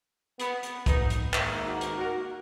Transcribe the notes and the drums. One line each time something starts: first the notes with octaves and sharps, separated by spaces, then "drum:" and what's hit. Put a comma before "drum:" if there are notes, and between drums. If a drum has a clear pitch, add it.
B3, drum: hi-hat
drum: hi-hat
B3 D#4, drum: kick, hi-hat
drum: hi-hat
G#2 D#3 A#3, drum: clap
D#4 F#4
drum: hi-hat
F#4 A#4